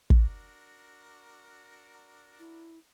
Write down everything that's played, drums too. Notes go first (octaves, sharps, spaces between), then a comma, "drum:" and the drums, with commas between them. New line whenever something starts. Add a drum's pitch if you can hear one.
D4 F#4 A#4, drum: kick
E4